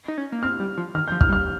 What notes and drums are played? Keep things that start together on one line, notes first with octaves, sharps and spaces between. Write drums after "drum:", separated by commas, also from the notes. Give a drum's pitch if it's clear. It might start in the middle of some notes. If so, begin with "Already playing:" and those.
D#4
C#4
A#3
C4 F6
G3
F3
D#3 F6
G6
F3
F6, drum: kick
G3
F6